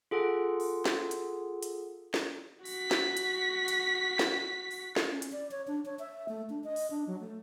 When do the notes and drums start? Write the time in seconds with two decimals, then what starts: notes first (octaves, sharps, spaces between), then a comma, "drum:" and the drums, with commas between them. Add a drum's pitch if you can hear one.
0.11 F4 G#4 A4 F#5
0.60 drum: open hi-hat
0.85 drum: snare
1.11 drum: hi-hat
1.63 drum: hi-hat
2.14 drum: snare
2.65 F#4 B6, drum: open hi-hat
2.91 drum: snare
3.17 drum: hi-hat
3.68 drum: hi-hat
4.19 drum: snare
4.71 drum: open hi-hat
4.96 drum: snare
5.11 C#4
5.22 drum: hi-hat
5.32 D5
5.51 C#5
5.67 D4
5.85 C#5
5.99 E5
6.28 A3
6.50 D4
6.64 D#5
6.76 drum: open hi-hat
6.91 D4
7.07 F#3
7.20 A3